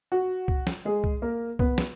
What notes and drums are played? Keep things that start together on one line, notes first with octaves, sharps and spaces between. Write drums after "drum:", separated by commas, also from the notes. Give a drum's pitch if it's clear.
F#4
drum: kick C2
drum: snare
G#3 G#4
drum: kick C2
A#3 A#4
B3 B4, drum: kick C2
drum: snare